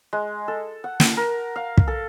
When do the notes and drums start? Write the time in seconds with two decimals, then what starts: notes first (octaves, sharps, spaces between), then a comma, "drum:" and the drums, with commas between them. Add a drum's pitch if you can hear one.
0.13 G#3
0.48 A4
0.84 F#5
1.00 drum: snare
1.17 A#4
1.56 F5
1.78 drum: kick
1.88 A4